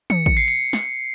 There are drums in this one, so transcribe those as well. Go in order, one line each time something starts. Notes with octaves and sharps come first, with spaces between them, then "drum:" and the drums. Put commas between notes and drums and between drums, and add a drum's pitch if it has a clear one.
C#7, drum: tom
C#7, drum: kick
C7
C#7
drum: snare